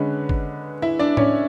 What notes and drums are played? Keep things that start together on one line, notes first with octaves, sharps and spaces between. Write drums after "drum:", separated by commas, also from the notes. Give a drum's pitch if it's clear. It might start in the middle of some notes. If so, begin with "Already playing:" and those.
Already playing: D3 G#3 C#4 B4
drum: kick
E4 E5
D4 D5
C#4 C#5, drum: tom A2